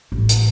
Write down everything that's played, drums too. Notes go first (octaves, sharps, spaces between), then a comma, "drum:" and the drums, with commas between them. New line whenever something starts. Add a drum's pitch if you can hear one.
A1
drum: hi-hat